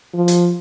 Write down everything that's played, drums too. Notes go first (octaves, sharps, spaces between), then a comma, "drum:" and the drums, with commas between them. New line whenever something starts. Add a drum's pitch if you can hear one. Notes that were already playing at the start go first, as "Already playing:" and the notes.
F3
drum: hi-hat